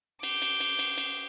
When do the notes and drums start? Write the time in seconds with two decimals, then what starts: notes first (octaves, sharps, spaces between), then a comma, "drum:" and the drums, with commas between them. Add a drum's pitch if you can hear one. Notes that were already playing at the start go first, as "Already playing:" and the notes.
0.23 D6 G6, drum: cymbal
0.42 drum: cymbal
0.60 drum: cymbal
0.79 drum: cymbal
0.98 drum: cymbal